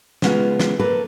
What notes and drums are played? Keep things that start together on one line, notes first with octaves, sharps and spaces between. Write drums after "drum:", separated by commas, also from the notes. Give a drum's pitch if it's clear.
C#3 G#3 B3 C#4 F4, drum: snare
drum: snare
A3 A#3 A4 B4